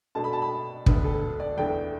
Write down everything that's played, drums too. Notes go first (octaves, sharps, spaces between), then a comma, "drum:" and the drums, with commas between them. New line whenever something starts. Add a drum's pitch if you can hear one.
B2 A3 D4 A5
B5
A5
B5
D2 D3 B3 D4 B4, drum: kick
A4
D5
E2 E3 A3 D4 G5